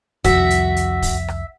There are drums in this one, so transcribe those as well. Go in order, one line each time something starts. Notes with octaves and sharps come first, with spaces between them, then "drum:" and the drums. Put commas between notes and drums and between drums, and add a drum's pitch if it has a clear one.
C2 F2 F3 F#4 E5, drum: kick, hi-hat
drum: hi-hat
drum: hi-hat
drum: kick, open hi-hat
drum: rim click